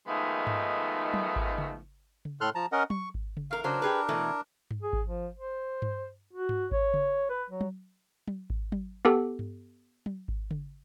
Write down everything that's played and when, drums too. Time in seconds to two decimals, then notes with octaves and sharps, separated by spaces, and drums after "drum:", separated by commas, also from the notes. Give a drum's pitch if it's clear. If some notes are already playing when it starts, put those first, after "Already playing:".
0.08 D#3 F3 G#3 A3 B3 D#4
0.47 drum: tom G2
1.14 drum: tom F#3
1.36 drum: kick G#1
1.58 drum: tom C#3
2.25 drum: tom C#3
2.41 A2 A4 C6 F6 F#6
2.55 F3 A5 A#5
2.72 C#4 A#4 D#5 F#5
2.90 C#6, drum: tom F#3
3.14 drum: kick G#1
3.37 drum: tom C#3
3.51 E2 A#4 F5
3.64 C#3 F#3 D4 A#4 C5
3.82 G4 G#4 B4
4.09 B2 E3 A3
4.71 drum: tom G2
4.82 G#4
4.93 drum: kick G#1
5.06 F3
5.37 C5
5.82 drum: tom G2
6.33 F#4
6.49 drum: tom G2
6.71 C#5, drum: kick G#1
6.94 drum: tom C#3
7.30 B4
7.50 F#3
7.61 drum: tom F#3
8.28 drum: tom F#3
8.50 drum: kick G#1
8.72 drum: tom F#3
9.05 B3 G4 A4
9.39 drum: tom G2
10.06 drum: tom F#3
10.28 drum: kick G#1
10.51 drum: tom C#3